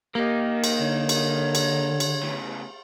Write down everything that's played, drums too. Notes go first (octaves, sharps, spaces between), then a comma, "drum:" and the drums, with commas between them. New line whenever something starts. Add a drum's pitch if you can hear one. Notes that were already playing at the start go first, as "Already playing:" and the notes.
A#3 G4 A#4 D#5
drum: cymbal
D3 C#5
drum: cymbal
drum: cymbal
drum: cymbal
A2 C#3